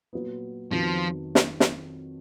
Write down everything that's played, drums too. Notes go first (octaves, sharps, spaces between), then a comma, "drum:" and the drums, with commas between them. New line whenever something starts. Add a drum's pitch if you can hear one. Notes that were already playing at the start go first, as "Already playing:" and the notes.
A#2 F#3 B3
F2 D#3 F3 F#3 B3
drum: snare
drum: snare